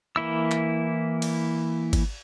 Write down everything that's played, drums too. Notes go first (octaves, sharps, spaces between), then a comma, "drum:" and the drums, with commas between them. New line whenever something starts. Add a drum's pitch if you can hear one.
E3 A#3 E4 E6
drum: clap
drum: cymbal
drum: kick G#1, cymbal